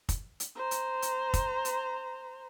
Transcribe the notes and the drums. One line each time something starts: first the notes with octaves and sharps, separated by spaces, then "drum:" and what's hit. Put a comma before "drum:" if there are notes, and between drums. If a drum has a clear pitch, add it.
drum: kick, hi-hat
drum: hi-hat
C5 A#5
drum: hi-hat
drum: hi-hat
drum: kick, hi-hat
drum: hi-hat